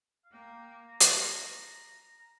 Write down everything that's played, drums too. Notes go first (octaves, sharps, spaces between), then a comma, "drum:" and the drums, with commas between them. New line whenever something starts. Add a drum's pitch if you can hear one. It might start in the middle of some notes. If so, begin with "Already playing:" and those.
F5
A#3 G5
G5
A#5
G5, drum: hi-hat
A#5
A#5